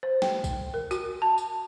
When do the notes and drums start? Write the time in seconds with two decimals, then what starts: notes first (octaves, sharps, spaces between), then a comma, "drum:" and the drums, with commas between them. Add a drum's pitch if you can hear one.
0.03 C5
0.22 G5, drum: snare
0.44 drum: kick B1, tambourine
0.74 A#4
0.91 F#4, drum: tambourine
1.22 A5
1.38 drum: tambourine